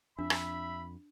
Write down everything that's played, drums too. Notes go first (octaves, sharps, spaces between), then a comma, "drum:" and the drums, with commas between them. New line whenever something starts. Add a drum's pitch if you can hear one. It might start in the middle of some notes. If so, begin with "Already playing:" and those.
F2 D4 E5 B5
drum: rim click